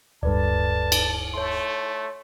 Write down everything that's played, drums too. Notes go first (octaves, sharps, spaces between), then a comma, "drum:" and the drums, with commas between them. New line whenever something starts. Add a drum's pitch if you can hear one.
D1 G2 A4 B4 D5 A5
drum: cymbal
A3 C#5 C6